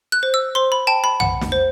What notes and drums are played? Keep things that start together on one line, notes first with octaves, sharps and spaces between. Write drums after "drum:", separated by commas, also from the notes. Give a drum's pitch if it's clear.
F#6
C5
E6
C5 C6
B5
G5 A5
B5
F#5, drum: tom
drum: snare
C5